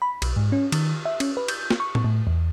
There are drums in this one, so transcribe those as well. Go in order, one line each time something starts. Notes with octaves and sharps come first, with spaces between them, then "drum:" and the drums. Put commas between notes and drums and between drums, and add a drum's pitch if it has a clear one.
B5
B1, drum: cymbal
G#2
C#4
D#3, drum: cymbal
E5
C#4, drum: cymbal
B4
G6, drum: cymbal
drum: snare
C#6
drum: tom A2
A2
E2